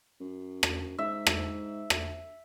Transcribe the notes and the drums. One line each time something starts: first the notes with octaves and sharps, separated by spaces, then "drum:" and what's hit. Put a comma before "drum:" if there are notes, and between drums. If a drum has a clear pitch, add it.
F#2
drum: rim click
G#2 E5
drum: rim click
drum: rim click